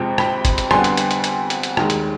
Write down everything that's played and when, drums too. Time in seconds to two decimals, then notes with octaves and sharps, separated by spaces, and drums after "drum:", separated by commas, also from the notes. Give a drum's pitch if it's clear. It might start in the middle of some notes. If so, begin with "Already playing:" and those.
Already playing: F2 C3 F3 G#3 C4
0.18 G5 B5, drum: rim click
0.45 drum: kick, hi-hat
0.58 drum: hi-hat
0.71 F2 D3 G3 B3 G#5 C6, drum: rim click
0.84 drum: hi-hat
0.97 drum: hi-hat
1.11 drum: hi-hat
1.24 drum: hi-hat
1.50 drum: hi-hat
1.63 drum: hi-hat
1.77 F1 D#2 D#3 G#3, drum: rim click
1.90 drum: hi-hat